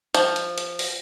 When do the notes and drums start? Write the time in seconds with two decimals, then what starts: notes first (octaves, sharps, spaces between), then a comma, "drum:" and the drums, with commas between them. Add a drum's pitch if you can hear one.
0.15 F3, drum: hi-hat
0.36 drum: hi-hat
0.58 drum: hi-hat
0.79 drum: open hi-hat